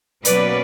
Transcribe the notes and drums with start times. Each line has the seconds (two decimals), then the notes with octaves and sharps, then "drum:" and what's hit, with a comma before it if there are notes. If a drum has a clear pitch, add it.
0.25 B2 F#3 A#3 C#4 B4 D5, drum: hi-hat